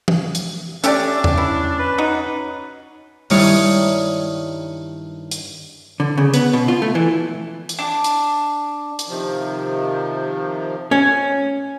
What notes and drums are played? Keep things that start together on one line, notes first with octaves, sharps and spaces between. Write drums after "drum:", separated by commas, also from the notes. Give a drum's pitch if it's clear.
drum: tom E3
drum: hi-hat
A3 C#4 D4 G4 D5, drum: hi-hat
drum: tom E2
E4
B4
D#4 F#4
G2 D#3 G3 E4 C#5 D#6, drum: open hi-hat
drum: hi-hat
D3
C#3
B3, drum: hi-hat
B2
F4
A3
E3
drum: hi-hat
D4
drum: hi-hat
drum: hi-hat
C3 D#3 F3
C#4